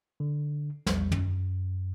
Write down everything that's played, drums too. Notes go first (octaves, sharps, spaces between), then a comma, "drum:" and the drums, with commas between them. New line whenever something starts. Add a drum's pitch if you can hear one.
D3
A#1 E2 G3, drum: snare
F#2, drum: tom